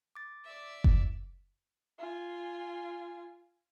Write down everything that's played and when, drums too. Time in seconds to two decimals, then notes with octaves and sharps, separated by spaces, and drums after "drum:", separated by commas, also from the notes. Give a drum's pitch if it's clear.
0.15 D6 A6
0.45 D5 E5
0.84 drum: kick F#1
1.99 F4 G#5